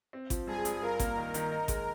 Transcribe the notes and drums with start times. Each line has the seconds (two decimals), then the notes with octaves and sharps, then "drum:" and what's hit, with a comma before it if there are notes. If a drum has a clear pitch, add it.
0.13 C4
0.30 F3, drum: kick G#1, hi-hat
0.47 G2 G#4
0.65 G2, drum: hi-hat
0.82 F4 A#4
1.00 A#3, drum: kick G#1, hi-hat
1.17 D#3
1.34 D#3, drum: hi-hat
1.52 D#4
1.68 G#3, drum: kick G#1, hi-hat